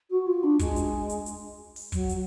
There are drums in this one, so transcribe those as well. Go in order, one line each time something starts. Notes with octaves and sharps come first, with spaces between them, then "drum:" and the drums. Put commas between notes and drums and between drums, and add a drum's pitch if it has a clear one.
F#4
F4
D4
G#3, drum: kick, hi-hat
drum: hi-hat
drum: hi-hat
drum: hi-hat
drum: open hi-hat
F#3, drum: kick, hi-hat
drum: hi-hat